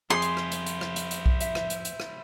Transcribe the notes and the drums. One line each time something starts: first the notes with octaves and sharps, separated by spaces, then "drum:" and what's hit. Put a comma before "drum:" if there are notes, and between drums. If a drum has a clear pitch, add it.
F2 E4 G#4 C5 C6
drum: hi-hat
drum: rim click
drum: hi-hat
drum: hi-hat
drum: rim click
drum: hi-hat
drum: hi-hat
drum: kick B1
E5, drum: hi-hat
drum: rim click
drum: hi-hat
drum: hi-hat
drum: rim click